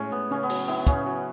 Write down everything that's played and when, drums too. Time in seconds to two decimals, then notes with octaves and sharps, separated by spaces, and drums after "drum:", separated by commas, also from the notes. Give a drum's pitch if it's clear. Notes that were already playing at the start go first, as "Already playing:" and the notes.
Already playing: A2 G#3 C#4
0.12 A2 B3
0.31 C#3 C#4
0.43 B3
0.50 F#3, drum: open hi-hat
0.68 B3 E4
0.87 C#3 C#4, drum: kick, hi-hat
1.06 F#3